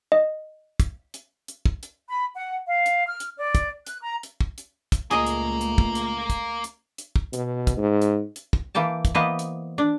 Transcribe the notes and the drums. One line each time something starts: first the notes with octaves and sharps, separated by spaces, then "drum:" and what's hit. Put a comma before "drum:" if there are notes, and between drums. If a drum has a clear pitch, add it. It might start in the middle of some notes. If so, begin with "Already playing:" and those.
D#5
drum: kick, hi-hat
drum: hi-hat
drum: hi-hat
drum: kick
drum: hi-hat
B5
F#5
F5
drum: hi-hat
F6
drum: hi-hat
D5
drum: kick, hi-hat
F#6, drum: hi-hat
A#5
drum: hi-hat
drum: kick
drum: hi-hat
drum: kick, hi-hat
C#2 A#2 A3 A#3 G#4 A#4 D#5
drum: hi-hat
drum: hi-hat
drum: kick
drum: hi-hat
drum: kick, hi-hat
drum: hi-hat
drum: hi-hat
drum: kick
B2, drum: hi-hat
drum: kick, hi-hat
G#2
drum: hi-hat
drum: hi-hat
drum: kick
E3 A#3 G5 A5
drum: kick, hi-hat
E3 A#3 B3 B4 C5 D#5
drum: hi-hat
D4